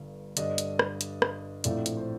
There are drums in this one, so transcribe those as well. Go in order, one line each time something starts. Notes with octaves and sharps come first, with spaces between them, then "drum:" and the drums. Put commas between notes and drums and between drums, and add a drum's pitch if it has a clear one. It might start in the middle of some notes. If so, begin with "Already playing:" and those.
Already playing: G1 G2 D3
G2 D3 G3 D4 D#5, drum: hi-hat
drum: hi-hat
drum: rim click
drum: hi-hat
drum: rim click
A#1 A2 A3 C4 D5, drum: hi-hat
drum: hi-hat
C5